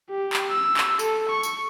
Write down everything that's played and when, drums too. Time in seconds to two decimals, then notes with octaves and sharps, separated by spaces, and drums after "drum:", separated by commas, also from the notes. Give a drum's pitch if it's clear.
0.10 G4
0.33 drum: clap
0.51 E6
0.77 drum: clap
0.99 A4, drum: tambourine
1.29 C#6
1.43 drum: tambourine